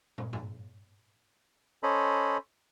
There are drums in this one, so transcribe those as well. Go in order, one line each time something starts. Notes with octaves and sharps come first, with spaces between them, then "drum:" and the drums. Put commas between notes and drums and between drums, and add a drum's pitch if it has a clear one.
drum: tom
drum: tom G#2
C#4 A4 C5 C#5 D#5 B5